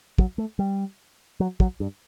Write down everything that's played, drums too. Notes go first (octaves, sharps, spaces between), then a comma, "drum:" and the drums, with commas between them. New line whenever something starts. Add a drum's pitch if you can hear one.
F#3, drum: kick
A3
G3
F#3
F#3, drum: kick
G2